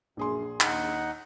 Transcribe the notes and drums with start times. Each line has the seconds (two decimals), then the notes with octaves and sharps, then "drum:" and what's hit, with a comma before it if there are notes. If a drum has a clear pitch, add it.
0.17 A#1 F#2 G#4 C6
0.61 D#2 D#4 F#5, drum: clap